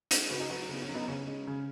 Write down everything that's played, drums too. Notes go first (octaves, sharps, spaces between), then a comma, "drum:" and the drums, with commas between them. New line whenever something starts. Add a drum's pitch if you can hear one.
G#3, drum: hi-hat
C#3 F#4 B4
D#4 G#4
F#3 F#4 B4
C#3 B3
C#4
F#3
B3 D#4
C#3 C#4
G#3
C#3